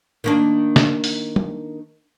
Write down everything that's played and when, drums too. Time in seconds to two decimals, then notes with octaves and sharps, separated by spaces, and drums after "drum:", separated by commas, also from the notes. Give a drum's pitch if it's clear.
0.24 D#3 A#3 D4
0.76 drum: snare
1.04 drum: open hi-hat
1.36 drum: tom